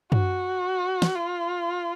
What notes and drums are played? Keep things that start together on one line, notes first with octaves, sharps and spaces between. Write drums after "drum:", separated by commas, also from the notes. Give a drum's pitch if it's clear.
F#4, drum: tom F#2
drum: snare
F4